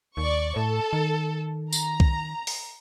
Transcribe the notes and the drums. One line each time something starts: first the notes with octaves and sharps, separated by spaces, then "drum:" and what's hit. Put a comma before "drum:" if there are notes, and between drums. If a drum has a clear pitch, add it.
D#2 D5 C#6
A2 A4
D#3
A#5, drum: tambourine
drum: kick C2
drum: open hi-hat